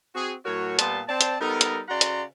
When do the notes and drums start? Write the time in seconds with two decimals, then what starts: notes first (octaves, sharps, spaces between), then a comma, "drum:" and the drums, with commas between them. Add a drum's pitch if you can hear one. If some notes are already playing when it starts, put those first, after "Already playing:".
0.15 C4 F#4 G#4
0.45 A2 F#3 F#4 A#4 C#5
0.79 A#2 G3 B3 A5 C6, drum: hi-hat
1.08 C4 C5 D5 A5
1.21 drum: hi-hat
1.41 G3 B3 D#4 A4 A#4
1.61 drum: hi-hat
1.89 C#3 F#4 D5 F#5 A#5 C6
2.01 drum: hi-hat